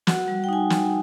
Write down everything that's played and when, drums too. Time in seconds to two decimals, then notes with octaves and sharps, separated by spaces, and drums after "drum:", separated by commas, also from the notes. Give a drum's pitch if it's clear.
0.07 F#4 F#5, drum: snare
0.28 G3
0.44 G5
0.49 D#4 G#5
0.70 drum: snare